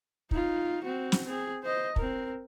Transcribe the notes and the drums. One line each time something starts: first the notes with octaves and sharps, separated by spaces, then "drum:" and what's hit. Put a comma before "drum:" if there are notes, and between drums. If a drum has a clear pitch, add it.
D#4 F4, drum: kick
C4 F#4
drum: snare
C4 G#4
C5 D#5
C4 A#4, drum: kick